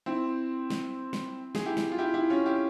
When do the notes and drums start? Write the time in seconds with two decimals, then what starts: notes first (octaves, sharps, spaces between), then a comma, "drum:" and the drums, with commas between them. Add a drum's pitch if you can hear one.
0.06 C4 E4
0.70 drum: snare
1.13 drum: snare
1.55 G#4, drum: snare
1.66 E4 G4
1.77 drum: snare
1.92 F4
1.98 E4 G4
2.14 E4 G4
2.30 C#4 F4
2.46 E4 G4